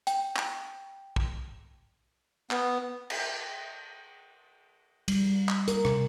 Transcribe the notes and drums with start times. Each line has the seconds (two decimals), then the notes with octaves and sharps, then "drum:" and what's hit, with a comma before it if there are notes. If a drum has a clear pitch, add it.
0.07 G5, drum: hi-hat
0.36 drum: clap
1.16 drum: kick
2.51 B3, drum: clap
3.10 drum: cymbal
5.08 G3, drum: cymbal
5.49 drum: clap
5.68 A#4, drum: hi-hat
5.85 C3, drum: rim click